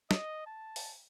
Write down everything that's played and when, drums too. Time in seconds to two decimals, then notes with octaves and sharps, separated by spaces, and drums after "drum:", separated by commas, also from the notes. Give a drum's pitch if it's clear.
0.11 D#5, drum: snare
0.47 A5
0.76 drum: open hi-hat